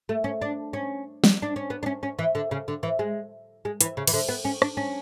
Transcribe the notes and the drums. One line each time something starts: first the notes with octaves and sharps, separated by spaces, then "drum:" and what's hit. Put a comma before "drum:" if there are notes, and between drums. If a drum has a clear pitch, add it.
A3
C#4
D4
C#4
drum: snare G3
D4
C#4
B3
D4
C#4
C#4
E3
D3
C#3
D3
E3
G#3
G#3
E3, drum: hi-hat
C#3
E3, drum: cymbal
D3
B3
C#4
D4, drum: rim click
C#4